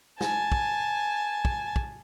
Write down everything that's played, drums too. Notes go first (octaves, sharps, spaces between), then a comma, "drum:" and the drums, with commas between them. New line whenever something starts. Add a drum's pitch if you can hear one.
G#5 A5, drum: snare
drum: kick
drum: kick
drum: kick